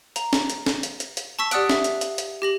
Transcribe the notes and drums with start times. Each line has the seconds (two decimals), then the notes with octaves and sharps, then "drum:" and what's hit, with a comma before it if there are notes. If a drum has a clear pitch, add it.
0.16 A#5, drum: hi-hat
0.33 drum: snare
0.50 drum: hi-hat
0.66 drum: snare
0.83 drum: hi-hat
1.00 drum: hi-hat
1.17 drum: hi-hat
1.39 A5 C#6 E6 B6
1.51 G4 D5 F#5 D#6 F#6 D7, drum: hi-hat
1.69 E5, drum: snare
1.84 drum: hi-hat
2.01 drum: hi-hat
2.18 drum: hi-hat
2.42 G4 A#6 F#7